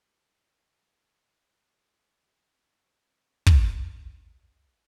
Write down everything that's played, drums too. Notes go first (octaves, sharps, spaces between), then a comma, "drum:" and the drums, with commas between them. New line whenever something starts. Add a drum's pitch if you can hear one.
A#3 F5 G5
C4 C#6
drum: kick